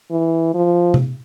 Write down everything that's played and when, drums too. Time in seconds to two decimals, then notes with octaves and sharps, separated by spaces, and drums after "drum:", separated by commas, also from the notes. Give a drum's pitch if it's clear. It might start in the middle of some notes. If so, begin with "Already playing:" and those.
0.11 E3
0.54 F3
0.94 drum: tom C3